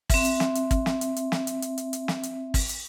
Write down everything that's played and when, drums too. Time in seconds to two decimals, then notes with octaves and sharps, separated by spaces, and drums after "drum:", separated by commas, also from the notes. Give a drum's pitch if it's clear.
0.10 C4 E5, drum: kick, open hi-hat
0.25 drum: hi-hat
0.40 drum: snare
0.55 drum: hi-hat
0.71 drum: kick, hi-hat
0.86 drum: snare
1.01 drum: hi-hat
1.16 drum: hi-hat
1.32 drum: snare
1.47 drum: hi-hat
1.62 drum: hi-hat
1.78 drum: hi-hat
1.93 drum: hi-hat
2.08 drum: snare
2.23 drum: hi-hat
2.54 drum: kick, open hi-hat
2.69 drum: hi-hat